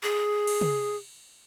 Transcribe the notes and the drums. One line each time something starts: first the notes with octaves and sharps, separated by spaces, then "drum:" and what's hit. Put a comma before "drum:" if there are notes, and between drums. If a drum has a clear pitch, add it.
G#4
drum: cymbal
drum: tom